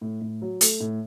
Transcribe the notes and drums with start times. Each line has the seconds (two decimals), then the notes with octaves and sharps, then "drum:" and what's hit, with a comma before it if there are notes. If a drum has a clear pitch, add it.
0.01 A2
0.21 A2
0.42 F#3
0.61 A3, drum: hi-hat
0.80 A2